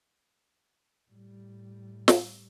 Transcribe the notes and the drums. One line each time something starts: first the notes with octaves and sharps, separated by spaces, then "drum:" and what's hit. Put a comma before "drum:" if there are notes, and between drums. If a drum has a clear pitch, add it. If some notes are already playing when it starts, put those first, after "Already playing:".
A2 G3
drum: snare